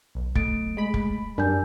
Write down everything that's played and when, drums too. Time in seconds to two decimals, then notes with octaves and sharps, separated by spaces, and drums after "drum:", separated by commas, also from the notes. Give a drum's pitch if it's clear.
0.15 B1
0.35 A3 A6 D7, drum: kick
0.77 G#3 B5
0.94 drum: kick
1.38 F#2 G3 D4 A#4 G#5 G6